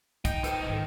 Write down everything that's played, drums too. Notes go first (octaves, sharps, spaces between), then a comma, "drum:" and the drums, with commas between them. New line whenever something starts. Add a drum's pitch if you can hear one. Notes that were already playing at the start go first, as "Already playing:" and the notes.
D#4 G5, drum: kick, hi-hat
A4 B4 C5 G5 E6, drum: hi-hat
F#1 G#2 D#3